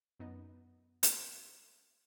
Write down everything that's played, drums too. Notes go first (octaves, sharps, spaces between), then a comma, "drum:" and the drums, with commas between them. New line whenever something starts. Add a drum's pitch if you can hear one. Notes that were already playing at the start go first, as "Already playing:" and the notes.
F#2 B3 D#4 D#5
drum: hi-hat